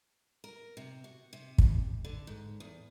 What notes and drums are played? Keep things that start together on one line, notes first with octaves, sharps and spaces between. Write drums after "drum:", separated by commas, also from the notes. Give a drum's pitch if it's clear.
A#4
C3
F#4
C3
drum: kick
D3
G#2
E2